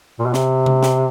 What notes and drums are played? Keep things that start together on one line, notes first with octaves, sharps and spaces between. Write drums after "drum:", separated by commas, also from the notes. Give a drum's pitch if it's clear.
A#2
B2
C3, drum: snare
drum: tom C3
drum: snare